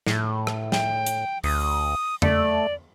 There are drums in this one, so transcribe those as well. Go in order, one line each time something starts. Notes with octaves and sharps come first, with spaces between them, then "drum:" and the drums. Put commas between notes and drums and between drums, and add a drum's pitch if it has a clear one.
A2, drum: snare
drum: rim click
G5, drum: snare
drum: hi-hat
D2 D#6, drum: open hi-hat
A3 D5, drum: tom E2